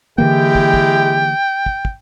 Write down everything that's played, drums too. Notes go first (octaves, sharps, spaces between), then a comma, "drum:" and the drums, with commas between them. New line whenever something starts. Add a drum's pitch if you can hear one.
D3 E3 G#3 A#3 E4 G4 G5
drum: kick
drum: kick
drum: kick
drum: kick